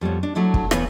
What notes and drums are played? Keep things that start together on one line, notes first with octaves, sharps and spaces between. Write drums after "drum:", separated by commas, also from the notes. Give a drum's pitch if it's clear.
F2 G3 B3 C#5
D4
F#3 A3 D4 E4
drum: kick
E2 E3 B3 B4 C#5 F5, drum: rim click